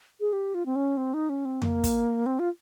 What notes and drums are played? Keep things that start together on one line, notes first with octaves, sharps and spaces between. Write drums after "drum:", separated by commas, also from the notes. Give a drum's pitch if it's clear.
G#4
G4
F4
C4
C#4
C4
D#4
C#4
C4
A#3, drum: tom F2
drum: kick, hi-hat
C4
F4